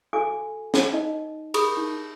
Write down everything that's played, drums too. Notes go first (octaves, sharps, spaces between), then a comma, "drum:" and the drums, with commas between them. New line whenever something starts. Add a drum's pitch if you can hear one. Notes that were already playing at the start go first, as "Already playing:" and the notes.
F#4 A4 F5 G#5 D6
drum: snare
D#4 D#5
G#4 B5 C#6 D#6, drum: cymbal
D#4